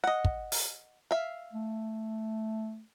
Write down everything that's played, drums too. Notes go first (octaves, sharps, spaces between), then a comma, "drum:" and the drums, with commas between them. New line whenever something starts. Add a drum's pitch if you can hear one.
D#5 F#5
drum: kick
drum: open hi-hat
E5 F5
A3